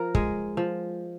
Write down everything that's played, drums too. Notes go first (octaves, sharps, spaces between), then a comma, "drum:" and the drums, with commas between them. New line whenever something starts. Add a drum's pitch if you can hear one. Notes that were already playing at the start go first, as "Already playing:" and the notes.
Already playing: F3 A#4
G#3, drum: kick
F3